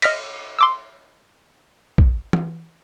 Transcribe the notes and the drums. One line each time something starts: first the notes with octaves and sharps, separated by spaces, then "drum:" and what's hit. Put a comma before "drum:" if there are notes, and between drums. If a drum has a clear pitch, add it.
D#5 F6 A#6 B6, drum: cymbal
C6 D6 E6
drum: kick
drum: tom E3